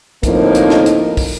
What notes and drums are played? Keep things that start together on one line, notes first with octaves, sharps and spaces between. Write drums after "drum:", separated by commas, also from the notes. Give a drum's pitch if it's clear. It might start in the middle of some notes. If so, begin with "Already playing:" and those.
D2 A2 F3 A#3 C4 D#4, drum: kick, hi-hat
drum: hi-hat
drum: snare
drum: hi-hat
drum: kick, open hi-hat